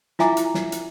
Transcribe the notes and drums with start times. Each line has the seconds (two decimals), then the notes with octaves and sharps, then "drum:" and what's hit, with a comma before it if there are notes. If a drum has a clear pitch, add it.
0.19 E4 F4 E5 G#5 A#5 D6, drum: snare
0.37 drum: hi-hat
0.54 drum: snare
0.72 drum: hi-hat